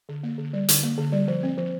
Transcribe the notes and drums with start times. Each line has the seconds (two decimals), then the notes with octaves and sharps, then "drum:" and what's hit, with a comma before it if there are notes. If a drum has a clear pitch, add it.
0.09 D3
0.23 A#3
0.38 D3
0.53 G3
0.69 D3, drum: hi-hat
0.83 A#3
0.98 D3
1.13 G3
1.28 F3
1.43 C4
1.58 F3